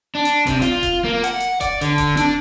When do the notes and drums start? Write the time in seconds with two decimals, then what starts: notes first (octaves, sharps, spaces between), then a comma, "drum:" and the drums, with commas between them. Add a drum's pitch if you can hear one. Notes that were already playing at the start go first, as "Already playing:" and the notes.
0.15 D4
0.25 drum: hi-hat
0.47 C3, drum: kick E1, hi-hat
0.62 F4, drum: hi-hat
0.83 drum: kick E1, hi-hat
1.04 A#3
1.24 F#5, drum: hi-hat
1.40 drum: hi-hat
1.61 D5, drum: kick E1, hi-hat
1.81 D3, drum: hi-hat
1.98 drum: kick E1, hi-hat
2.17 D4, drum: hi-hat